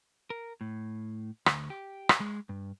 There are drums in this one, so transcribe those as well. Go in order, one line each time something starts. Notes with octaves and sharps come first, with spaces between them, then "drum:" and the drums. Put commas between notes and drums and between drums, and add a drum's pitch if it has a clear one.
A#4
A2
D2, drum: rim click
G4
drum: rim click
G#3
G2